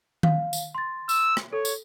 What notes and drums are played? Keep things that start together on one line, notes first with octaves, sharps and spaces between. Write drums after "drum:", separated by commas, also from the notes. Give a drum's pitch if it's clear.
F5, drum: tom D#3
drum: tambourine
C6 A6
E6, drum: tambourine
drum: rim click
A4 C#5
drum: tambourine